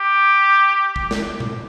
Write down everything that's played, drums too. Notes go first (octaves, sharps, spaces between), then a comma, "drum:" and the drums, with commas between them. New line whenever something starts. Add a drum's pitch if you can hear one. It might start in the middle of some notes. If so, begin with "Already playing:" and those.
Already playing: G4
drum: kick
drum: snare
drum: tom A#2